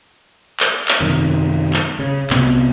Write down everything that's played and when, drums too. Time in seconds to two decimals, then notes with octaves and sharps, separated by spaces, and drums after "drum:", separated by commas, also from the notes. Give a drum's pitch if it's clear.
0.60 drum: clap
0.88 drum: clap
1.01 F#2 C3 D#3
1.73 drum: clap
1.99 C#3
2.30 C2 C3 B3, drum: clap